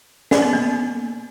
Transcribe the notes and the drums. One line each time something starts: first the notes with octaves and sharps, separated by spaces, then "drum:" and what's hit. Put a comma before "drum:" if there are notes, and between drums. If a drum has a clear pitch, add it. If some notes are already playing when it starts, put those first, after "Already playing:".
C#4, drum: snare
B3
A#3
B3